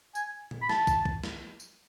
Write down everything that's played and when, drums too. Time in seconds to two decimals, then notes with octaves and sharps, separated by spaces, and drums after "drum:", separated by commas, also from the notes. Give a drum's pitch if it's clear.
0.15 G#5, drum: tambourine
0.51 drum: tom A#2
0.62 B5
0.69 A5, drum: snare
0.87 drum: kick, tambourine
1.05 drum: kick
1.24 drum: snare
1.60 drum: tambourine